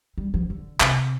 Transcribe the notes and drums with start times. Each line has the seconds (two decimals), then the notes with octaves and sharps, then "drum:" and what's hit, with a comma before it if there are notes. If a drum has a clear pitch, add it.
0.18 G3
0.34 F3
0.50 D3
0.80 C3, drum: clap